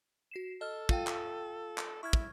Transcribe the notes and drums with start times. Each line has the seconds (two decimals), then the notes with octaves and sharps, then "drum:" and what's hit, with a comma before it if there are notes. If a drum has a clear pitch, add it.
0.31 F#4 C7 E7
0.61 A4 D#5 F6
0.89 F4 F5 G5, drum: kick
1.07 drum: clap
1.78 drum: clap
2.03 E4 C#6 F6 G#6
2.13 drum: kick